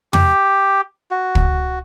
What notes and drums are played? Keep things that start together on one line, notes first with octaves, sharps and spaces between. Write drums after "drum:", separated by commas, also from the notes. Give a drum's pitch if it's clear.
G4, drum: tom
F#4
drum: kick